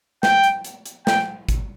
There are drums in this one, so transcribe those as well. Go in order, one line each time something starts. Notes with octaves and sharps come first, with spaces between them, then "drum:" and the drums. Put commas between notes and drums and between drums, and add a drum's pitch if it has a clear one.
G5, drum: snare
drum: hi-hat
drum: hi-hat
drum: hi-hat
G5, drum: snare
drum: kick, hi-hat